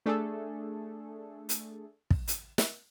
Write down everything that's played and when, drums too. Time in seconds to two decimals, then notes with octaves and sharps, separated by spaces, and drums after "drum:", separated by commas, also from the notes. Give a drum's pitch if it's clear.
0.06 A3 D4 G#4 A4
1.49 drum: hi-hat
2.10 drum: kick
2.28 drum: hi-hat
2.58 drum: snare